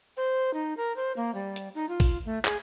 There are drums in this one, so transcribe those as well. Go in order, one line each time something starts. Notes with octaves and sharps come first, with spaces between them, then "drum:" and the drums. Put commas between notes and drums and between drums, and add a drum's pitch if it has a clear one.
C5
D#4
A#4
C5
A#3
G3
drum: hi-hat
D#4
F4
drum: kick, open hi-hat
A3
G#4, drum: clap